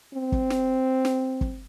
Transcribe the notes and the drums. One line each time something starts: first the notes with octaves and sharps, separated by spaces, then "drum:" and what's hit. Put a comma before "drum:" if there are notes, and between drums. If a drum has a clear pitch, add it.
C4
drum: kick
drum: snare
drum: snare
drum: kick